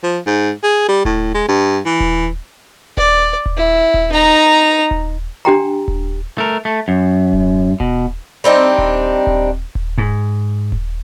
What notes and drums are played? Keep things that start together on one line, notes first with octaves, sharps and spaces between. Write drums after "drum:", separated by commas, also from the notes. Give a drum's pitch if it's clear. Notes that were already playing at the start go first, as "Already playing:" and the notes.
F3
G#2
G#4
G3
A2, drum: kick D#1
G#3
G2
E3
drum: kick D#1
D5, drum: kick D#1
drum: kick D#1
E4
drum: kick D#1
D#4 A#5
drum: kick D#1
D4 G4 G5 A#5
drum: kick D#1
A3 A#4
A3
F#2
drum: kick D#1
B2, drum: kick D#1
G3 C4 D4 D#4
drum: kick D#1
drum: kick D#1
drum: kick D#1
G#2
drum: kick D#1